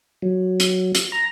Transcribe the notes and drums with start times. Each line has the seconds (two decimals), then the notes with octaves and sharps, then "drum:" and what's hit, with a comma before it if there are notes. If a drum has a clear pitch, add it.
0.22 F#3
0.60 drum: hi-hat
0.95 drum: hi-hat
1.12 A#5